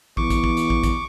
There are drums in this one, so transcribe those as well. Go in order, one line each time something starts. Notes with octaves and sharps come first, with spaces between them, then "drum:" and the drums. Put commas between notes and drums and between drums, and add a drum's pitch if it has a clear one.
E2 C#6 D6, drum: kick
drum: kick, hi-hat
drum: kick
drum: hi-hat
drum: kick
drum: kick, hi-hat